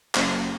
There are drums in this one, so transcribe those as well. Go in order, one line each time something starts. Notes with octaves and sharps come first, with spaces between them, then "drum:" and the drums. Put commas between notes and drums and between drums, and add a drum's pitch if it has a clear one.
F#1, drum: clap